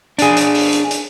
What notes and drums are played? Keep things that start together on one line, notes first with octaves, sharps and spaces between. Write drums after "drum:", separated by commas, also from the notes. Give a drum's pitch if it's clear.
D4 G#4, drum: hi-hat
drum: hi-hat
drum: open hi-hat
drum: hi-hat
drum: hi-hat